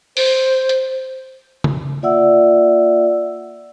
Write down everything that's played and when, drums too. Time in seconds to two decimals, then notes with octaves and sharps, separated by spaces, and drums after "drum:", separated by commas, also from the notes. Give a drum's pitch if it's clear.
0.17 C5, drum: open hi-hat
0.69 drum: hi-hat
1.64 drum: tom C#3
2.02 A#3 F4 D5 E5 F#5 E6